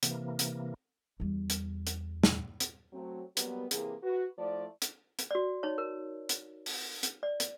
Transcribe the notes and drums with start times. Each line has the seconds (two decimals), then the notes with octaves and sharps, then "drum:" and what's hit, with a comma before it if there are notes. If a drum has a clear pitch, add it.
0.03 C3 E3 A#3, drum: hi-hat
0.39 drum: hi-hat
1.20 E2 G3
1.50 drum: hi-hat
1.87 drum: hi-hat
2.24 drum: snare
2.60 drum: hi-hat
2.93 F#3 A3 C4
3.37 F#3 G3 A#3 B3, drum: hi-hat
3.71 C3 E3 A#3 G#4, drum: hi-hat
4.03 F#4 B4
4.38 F3 A3 E4 D5
4.82 drum: hi-hat
5.19 drum: hi-hat
5.31 F#4 D5
5.63 D#4 C#5
5.78 A#4
6.29 drum: hi-hat
6.66 drum: open hi-hat
7.03 drum: hi-hat
7.23 D5
7.40 drum: hi-hat